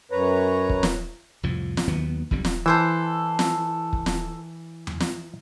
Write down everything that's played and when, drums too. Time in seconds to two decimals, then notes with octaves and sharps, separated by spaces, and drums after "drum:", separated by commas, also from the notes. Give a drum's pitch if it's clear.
0.11 F#2 B4 C#5 A#5
0.69 drum: kick
0.83 drum: snare
1.43 C2 F2 A2 F3
1.77 drum: snare
1.88 D#2 D#3 F#3 B3
2.31 B1 F2 D3 G3, drum: kick
2.45 drum: snare
2.66 E3 A4 C5 E6
3.39 drum: snare
3.93 drum: kick
4.06 drum: snare
4.87 drum: tom E2
5.00 drum: snare